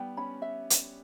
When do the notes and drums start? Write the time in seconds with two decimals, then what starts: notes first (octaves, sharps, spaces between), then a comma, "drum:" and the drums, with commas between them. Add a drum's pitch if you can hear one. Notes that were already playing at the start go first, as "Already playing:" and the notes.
Already playing: G3 B3 G5
0.17 C#4 B5
0.42 E5
0.70 drum: hi-hat